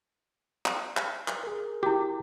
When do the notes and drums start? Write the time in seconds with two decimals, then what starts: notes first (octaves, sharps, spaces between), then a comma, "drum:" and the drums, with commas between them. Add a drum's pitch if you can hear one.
0.66 drum: clap
0.97 drum: clap
1.28 drum: clap
1.43 G#4 A#4
1.83 E4 F#4 G4